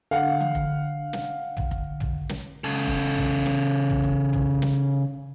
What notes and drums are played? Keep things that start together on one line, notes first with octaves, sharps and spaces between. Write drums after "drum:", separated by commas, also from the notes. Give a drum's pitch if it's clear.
D3 F5 F#5
drum: tom E3
drum: kick F1
drum: snare
drum: tom
drum: kick F1
drum: tom
drum: snare
C#3 A4
drum: kick F1
drum: tom
drum: snare
drum: tom
drum: kick F1
drum: tom
drum: snare